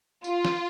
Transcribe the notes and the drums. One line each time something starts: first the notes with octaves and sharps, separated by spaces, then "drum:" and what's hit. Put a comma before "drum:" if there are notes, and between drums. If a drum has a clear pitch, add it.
F4, drum: tambourine
drum: snare